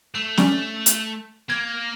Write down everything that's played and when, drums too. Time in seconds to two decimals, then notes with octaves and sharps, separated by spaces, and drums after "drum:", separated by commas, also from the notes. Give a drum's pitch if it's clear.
0.15 A3 C7
0.37 C3 C#4 D5, drum: snare
0.86 drum: hi-hat
1.50 A#3 G#6